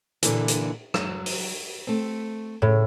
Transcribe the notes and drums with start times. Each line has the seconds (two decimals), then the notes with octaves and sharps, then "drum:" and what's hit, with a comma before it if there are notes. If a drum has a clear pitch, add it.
0.23 A#2 D3 E3, drum: hi-hat
0.48 drum: hi-hat
0.94 F#3, drum: rim click
1.26 drum: open hi-hat
1.87 A3 C4
2.62 A2